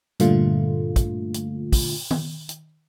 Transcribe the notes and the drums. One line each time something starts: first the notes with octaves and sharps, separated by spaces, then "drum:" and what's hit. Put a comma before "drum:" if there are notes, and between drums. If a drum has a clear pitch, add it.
G2 A#2 D3 A3 F4, drum: hi-hat
drum: kick, hi-hat
drum: hi-hat
drum: kick, open hi-hat
drum: tom D#3
drum: hi-hat